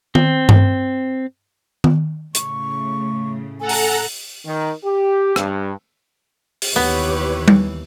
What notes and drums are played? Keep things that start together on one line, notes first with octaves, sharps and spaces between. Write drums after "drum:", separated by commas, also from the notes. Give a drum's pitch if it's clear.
C4, drum: tom D#3
drum: tom G2
drum: tom D#3
A2 C#3 A3 C#6, drum: hi-hat
A4 F#5 G#5 A#5
drum: open hi-hat
D#3
G4
G2, drum: rim click
drum: open hi-hat
D#2 E3 B3 G4 B4 C#5
drum: tom G3